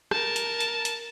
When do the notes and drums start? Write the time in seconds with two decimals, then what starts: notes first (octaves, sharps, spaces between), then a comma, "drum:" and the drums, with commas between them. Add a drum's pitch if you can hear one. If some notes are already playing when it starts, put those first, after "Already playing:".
0.11 A#4 A5, drum: rim click
0.36 drum: hi-hat
0.61 drum: hi-hat
0.85 drum: hi-hat